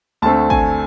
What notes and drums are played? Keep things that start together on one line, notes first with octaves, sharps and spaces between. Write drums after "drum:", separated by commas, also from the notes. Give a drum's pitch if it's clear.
D2 D3 A3 C4 A5
G#5, drum: kick